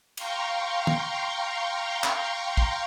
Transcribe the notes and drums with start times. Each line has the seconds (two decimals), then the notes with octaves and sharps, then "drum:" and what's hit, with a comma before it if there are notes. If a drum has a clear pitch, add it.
0.17 F5 G5 A#5 C6 C#6, drum: cymbal
0.87 drum: tom D#3
2.04 drum: clap
2.57 drum: kick